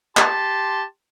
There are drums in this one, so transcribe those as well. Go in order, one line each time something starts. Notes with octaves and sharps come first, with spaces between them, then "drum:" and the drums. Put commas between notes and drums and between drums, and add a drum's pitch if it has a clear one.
G4 A5 C6, drum: clap